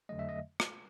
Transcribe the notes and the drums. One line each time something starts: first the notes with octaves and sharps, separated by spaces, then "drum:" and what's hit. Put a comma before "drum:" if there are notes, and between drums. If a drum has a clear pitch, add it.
F2 D3 F#3 A3 D#5
E5
D#5
drum: rim click